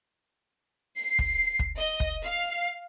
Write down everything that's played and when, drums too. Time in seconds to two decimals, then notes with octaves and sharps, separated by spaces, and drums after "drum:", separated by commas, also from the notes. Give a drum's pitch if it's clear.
0.98 C7
1.19 drum: kick
1.59 drum: kick
1.77 D#5
2.00 drum: kick
2.23 F5